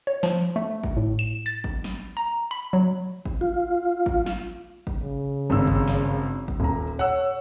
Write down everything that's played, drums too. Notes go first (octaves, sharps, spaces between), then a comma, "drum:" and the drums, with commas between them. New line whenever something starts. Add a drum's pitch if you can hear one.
C#5
F3, drum: snare
A3
drum: kick G#1
A2
E7
A6
drum: kick G#1
drum: snare
A#5
B5
F#3
drum: kick G#1
F4
drum: kick G#1
drum: snare
drum: kick G#1
C#3
G#1 G2 E6
drum: kick G#1
drum: snare
drum: kick G#1
D#1 A#5
C#5 F#5 E6